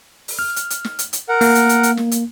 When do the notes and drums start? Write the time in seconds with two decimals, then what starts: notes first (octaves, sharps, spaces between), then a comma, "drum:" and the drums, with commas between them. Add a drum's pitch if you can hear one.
0.28 drum: open hi-hat
0.39 F6
0.56 drum: hi-hat
0.70 drum: hi-hat
0.84 drum: snare
0.99 drum: hi-hat
1.13 drum: hi-hat
1.29 A#4 F#5
1.41 A#3, drum: open hi-hat
1.55 drum: hi-hat
1.69 drum: hi-hat
1.83 drum: hi-hat
1.97 drum: snare
2.11 drum: hi-hat